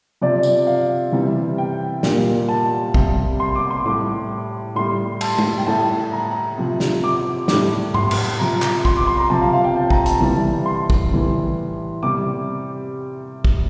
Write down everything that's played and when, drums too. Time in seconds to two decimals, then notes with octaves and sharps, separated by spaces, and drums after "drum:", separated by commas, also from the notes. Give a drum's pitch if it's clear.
0.21 C3 F3 D5
0.43 drum: tambourine
0.67 F5
1.12 C3 E3 G3
1.58 G5
2.03 A#2 G3, drum: snare
2.48 A5
2.94 C3 G3, drum: kick
3.40 C6
3.56 D6
3.71 C6
3.85 A2 G3 D6
4.75 A2 G3 C6
5.21 A5, drum: cymbal
5.38 drum: tom G#3
5.58 G5
5.67 A2 G3 A5
6.12 A#5
6.58 C3 F3
6.80 drum: snare
7.04 D6
7.48 A2 G3 D6, drum: snare
7.94 C6, drum: tom G#2
8.11 drum: cymbal
8.39 C3 F3 A#5
8.62 drum: clap
8.85 C6, drum: kick
8.97 D6
9.07 C6
9.18 A#5
9.30 C3 F3 A5
9.41 F5
9.53 F5
9.64 G5
9.76 A5
9.90 A#5, drum: kick
10.06 A5, drum: hi-hat
10.20 C3 E3 G3 A5
10.66 C6
10.90 drum: kick
11.12 A2 E3 G3
12.03 C3 G3 D6
13.45 drum: kick